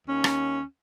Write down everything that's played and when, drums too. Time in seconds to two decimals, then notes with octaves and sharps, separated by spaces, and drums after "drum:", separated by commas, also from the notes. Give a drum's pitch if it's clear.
0.07 D#2 C#4
0.24 drum: rim click